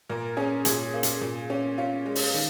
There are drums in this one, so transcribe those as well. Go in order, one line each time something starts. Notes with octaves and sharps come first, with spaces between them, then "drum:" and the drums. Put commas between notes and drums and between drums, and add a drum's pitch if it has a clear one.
A#2 A#4
C#4 G#4
A#2 G#4, drum: hi-hat
A#3
drum: hi-hat
A#2
C#4
C#4 F4
G#3
drum: open hi-hat
D#3